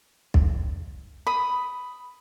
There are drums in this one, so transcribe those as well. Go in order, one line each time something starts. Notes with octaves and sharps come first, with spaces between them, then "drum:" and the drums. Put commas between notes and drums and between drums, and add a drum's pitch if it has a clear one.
drum: kick
B5 D#6